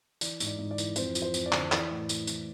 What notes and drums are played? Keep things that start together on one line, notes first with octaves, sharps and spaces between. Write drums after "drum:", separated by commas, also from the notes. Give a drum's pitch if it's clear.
E3 D5, drum: tambourine
G#2, drum: tambourine
D5
G#2
D5
E3, drum: tambourine
F2 C5, drum: tambourine
F3, drum: tambourine
C5
F2, drum: tambourine
D5
D3, drum: clap
E3 D5, drum: clap
A2
A2, drum: tambourine
E3, drum: tambourine